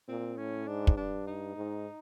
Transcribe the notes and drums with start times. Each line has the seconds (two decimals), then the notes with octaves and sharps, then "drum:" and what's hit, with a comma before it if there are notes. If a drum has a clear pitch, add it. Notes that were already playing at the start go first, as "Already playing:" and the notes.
0.08 A#2 C4
0.37 A2 C#4
0.68 G#2 D4
0.87 drum: kick
0.96 G2 D4
1.27 D#4
1.56 G#2